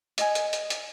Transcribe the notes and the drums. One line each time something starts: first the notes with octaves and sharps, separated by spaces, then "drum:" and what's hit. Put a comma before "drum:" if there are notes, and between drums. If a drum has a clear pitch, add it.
D#5 G#5, drum: hi-hat
drum: hi-hat
drum: hi-hat
drum: hi-hat